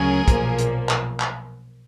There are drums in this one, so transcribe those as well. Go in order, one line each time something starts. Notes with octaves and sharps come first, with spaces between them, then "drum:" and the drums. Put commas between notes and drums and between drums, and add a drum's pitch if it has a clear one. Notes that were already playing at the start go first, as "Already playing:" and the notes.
Already playing: D2 C#3 F#3 C#4 G#4 A#4
B1 A#2 F3 A#3, drum: kick, hi-hat
drum: hi-hat
drum: clap
drum: clap